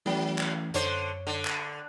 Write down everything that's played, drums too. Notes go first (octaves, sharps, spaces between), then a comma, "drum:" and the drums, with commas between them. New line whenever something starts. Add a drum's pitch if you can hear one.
E3 F#3 A3 C#4
drum: clap
F#2 D3 C5 C#5, drum: hi-hat
D3
drum: clap